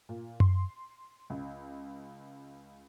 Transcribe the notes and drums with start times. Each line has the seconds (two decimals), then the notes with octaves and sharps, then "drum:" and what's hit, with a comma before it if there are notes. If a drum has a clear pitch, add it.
0.09 A#2
0.40 C6, drum: tom F#2
1.30 C#2